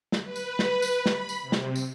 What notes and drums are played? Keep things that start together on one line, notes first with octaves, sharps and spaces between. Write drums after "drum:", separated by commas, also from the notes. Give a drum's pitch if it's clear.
drum: snare
B4
drum: tambourine
drum: snare
drum: tambourine
B5, drum: snare
drum: tambourine
C3
drum: snare
drum: tambourine